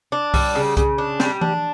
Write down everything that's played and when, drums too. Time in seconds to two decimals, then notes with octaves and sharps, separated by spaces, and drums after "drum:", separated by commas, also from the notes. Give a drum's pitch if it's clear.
0.12 D4
0.34 G3, drum: kick C2, open hi-hat
0.55 C#3
0.77 C#3, drum: kick C2, hi-hat
0.98 D4
1.20 G3, drum: snare
1.41 D4, drum: tom E3